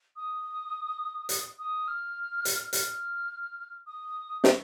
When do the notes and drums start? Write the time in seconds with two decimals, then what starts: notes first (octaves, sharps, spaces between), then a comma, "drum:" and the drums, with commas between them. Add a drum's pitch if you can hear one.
0.16 D#6
1.29 drum: hi-hat
1.59 D#6
1.88 F6
2.45 drum: hi-hat
2.73 F6, drum: hi-hat
3.87 D#6
4.44 C#6, drum: snare